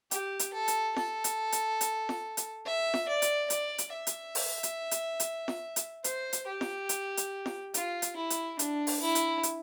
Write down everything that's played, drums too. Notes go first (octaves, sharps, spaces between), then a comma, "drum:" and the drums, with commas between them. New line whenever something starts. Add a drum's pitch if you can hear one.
G4, drum: hi-hat
drum: hi-hat
A4
drum: hi-hat
A4, drum: snare
drum: hi-hat
drum: hi-hat
drum: hi-hat
drum: snare
drum: hi-hat
E5
drum: snare
D5
drum: hi-hat
D5, drum: hi-hat
drum: hi-hat
E5
drum: hi-hat
drum: open hi-hat
drum: hi-hat
drum: hi-hat
drum: hi-hat
drum: snare
drum: hi-hat
C5, drum: hi-hat
drum: hi-hat
G4
drum: snare
drum: hi-hat
drum: hi-hat
drum: snare
F4, drum: hi-hat
drum: hi-hat
E4
drum: hi-hat
D4, drum: hi-hat
drum: open hi-hat
E4
drum: hi-hat
drum: hi-hat